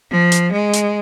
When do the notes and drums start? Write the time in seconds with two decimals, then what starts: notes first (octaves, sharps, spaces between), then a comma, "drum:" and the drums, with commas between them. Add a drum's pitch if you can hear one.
0.11 F3
0.32 drum: hi-hat
0.53 G#3
0.73 drum: hi-hat